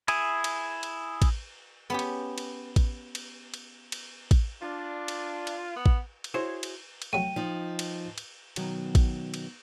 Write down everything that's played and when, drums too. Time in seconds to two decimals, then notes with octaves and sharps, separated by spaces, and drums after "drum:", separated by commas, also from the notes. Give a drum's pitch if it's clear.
0.08 E4 G#4 G#5, drum: cymbal
0.44 drum: cymbal
0.83 drum: cymbal
1.22 drum: kick A1, cymbal
1.90 B3 C#4 G4
1.99 drum: cymbal
2.38 drum: cymbal
2.76 drum: kick A1, cymbal
3.15 drum: cymbal
3.54 drum: cymbal
3.92 drum: cymbal
4.31 drum: kick A1, cymbal
4.62 D4 F4
5.08 drum: cymbal
5.47 drum: cymbal
5.76 B3
5.86 drum: kick A1
6.24 drum: cymbal
6.34 E4 F#4 G#4 C5 C#5
6.63 drum: cymbal
7.02 drum: cymbal
7.13 F#3 A3 G5 D#7
7.36 F3 D#4
7.79 drum: cymbal
8.18 drum: cymbal
8.56 B2 D#3 F#3 B3, drum: cymbal
8.95 drum: kick A1, cymbal
9.34 drum: cymbal